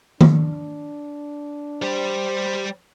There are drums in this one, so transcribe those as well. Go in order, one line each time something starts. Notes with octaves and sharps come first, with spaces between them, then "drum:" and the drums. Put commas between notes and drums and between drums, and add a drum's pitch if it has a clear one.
D4, drum: tom D#3
G3 G4 C5